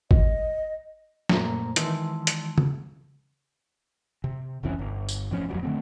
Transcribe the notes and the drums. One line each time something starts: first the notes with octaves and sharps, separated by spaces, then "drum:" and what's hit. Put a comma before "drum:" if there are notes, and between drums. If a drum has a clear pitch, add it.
D#5, drum: kick G#1
F#2 A#2 A3 A#3 C5 A#5, drum: snare
D#3 E3 G#3 A5 C6 E6, drum: hi-hat
drum: hi-hat
drum: tom C#3
C3
F1 C2 E3 C#4
G1
drum: tambourine
A2 F3 C#4
D1 F2 F#3 G3
D3 A3 C4